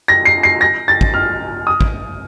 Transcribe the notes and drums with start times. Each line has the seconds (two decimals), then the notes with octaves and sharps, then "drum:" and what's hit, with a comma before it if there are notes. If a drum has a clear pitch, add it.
0.08 A#6
0.25 C7
0.43 C7
0.61 A#6
0.88 A6
1.01 drum: kick
1.14 F6
1.67 D#6
1.81 drum: kick